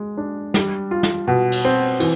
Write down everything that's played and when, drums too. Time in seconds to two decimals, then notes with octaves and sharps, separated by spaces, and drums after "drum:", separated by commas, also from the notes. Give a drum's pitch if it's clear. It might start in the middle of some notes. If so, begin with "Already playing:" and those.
Already playing: G#3
0.17 D4
0.54 G3, drum: snare
0.91 F4
1.03 drum: snare
1.27 B2
1.52 drum: cymbal
1.65 C4
2.00 E3, drum: cymbal